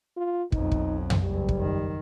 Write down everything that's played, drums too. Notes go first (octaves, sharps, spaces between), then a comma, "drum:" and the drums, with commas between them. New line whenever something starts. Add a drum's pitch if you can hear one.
F4
B1 F2 D#4, drum: kick
drum: kick
drum: tom
F#1 F#2 G3
drum: kick
D#3